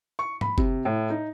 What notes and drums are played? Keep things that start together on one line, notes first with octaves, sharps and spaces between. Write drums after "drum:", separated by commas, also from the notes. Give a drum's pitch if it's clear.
C#6
B5, drum: tom
C3, drum: kick F#1
A2
D#4